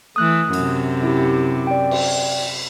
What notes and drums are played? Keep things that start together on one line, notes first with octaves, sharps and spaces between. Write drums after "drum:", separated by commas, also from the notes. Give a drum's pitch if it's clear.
E3 A3 D#6 F#6
F#2 C3, drum: cymbal
E4 G4
D5 G5
drum: cymbal